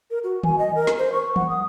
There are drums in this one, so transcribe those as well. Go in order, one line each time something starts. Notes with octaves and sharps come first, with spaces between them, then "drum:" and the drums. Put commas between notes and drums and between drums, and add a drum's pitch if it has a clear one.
A#4
F#4
G#5, drum: tom D#3
D#5
A#4
drum: snare
C5
C#6
F#5, drum: tom E3
D#6